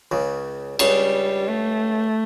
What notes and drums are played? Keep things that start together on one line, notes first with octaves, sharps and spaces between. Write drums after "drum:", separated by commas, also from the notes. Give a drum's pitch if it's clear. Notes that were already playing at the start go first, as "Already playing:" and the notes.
C#2 C#3
C#2 C#3 G3, drum: cymbal
A3